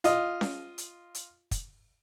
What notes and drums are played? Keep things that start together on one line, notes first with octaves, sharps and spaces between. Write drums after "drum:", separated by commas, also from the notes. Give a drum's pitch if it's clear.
F4 D#5, drum: hi-hat
drum: snare C#4
drum: hi-hat
drum: hi-hat
drum: kick, hi-hat